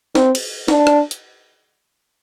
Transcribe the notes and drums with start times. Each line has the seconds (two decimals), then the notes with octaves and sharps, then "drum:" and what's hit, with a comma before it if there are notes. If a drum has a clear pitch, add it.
0.15 C4, drum: snare
0.35 drum: cymbal
0.68 D4, drum: snare
0.87 drum: rim click
1.11 drum: hi-hat